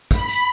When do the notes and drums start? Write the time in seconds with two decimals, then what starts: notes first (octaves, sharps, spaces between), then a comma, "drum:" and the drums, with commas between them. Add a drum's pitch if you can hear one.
0.11 B5, drum: kick, tambourine
0.29 drum: tambourine